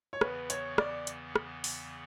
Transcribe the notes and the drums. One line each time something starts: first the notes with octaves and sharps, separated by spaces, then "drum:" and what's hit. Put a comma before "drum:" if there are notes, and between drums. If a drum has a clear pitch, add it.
C#5
E2 C#3 E3 B3 B4, drum: rim click
C#5, drum: hi-hat
D5, drum: rim click
drum: hi-hat
drum: rim click
drum: open hi-hat